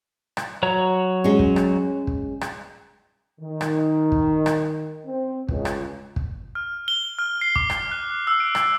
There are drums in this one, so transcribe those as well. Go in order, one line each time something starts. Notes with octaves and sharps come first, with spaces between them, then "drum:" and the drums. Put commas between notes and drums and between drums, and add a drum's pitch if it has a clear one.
drum: rim click
F#3 C#5 A#5
G#3 C#4
drum: kick
drum: rim click
drum: kick
drum: rim click
D#3
drum: rim click
drum: kick
drum: rim click
C4
C#2, drum: kick
drum: rim click
drum: kick
F6
G7
F6
C7
D6, drum: kick
drum: rim click
F#6
E6
D7
drum: rim click